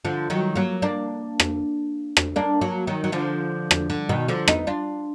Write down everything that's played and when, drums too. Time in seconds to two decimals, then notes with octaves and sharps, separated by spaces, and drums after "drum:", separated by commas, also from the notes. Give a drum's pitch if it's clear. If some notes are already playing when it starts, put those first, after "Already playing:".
0.05 D3 F3
0.30 D#3 F#3
0.55 F#3 A#3
0.82 A#3 D4
1.40 drum: rim click
2.17 drum: rim click
2.36 A#3 D4
2.61 F#3 A#3
2.87 D#3 F#3
3.04 F#3
3.12 D3 F3
3.71 drum: rim click
3.90 D3
4.09 B2 D#3
4.28 D3 F3
4.48 B3 D#4, drum: rim click
4.67 D4 F4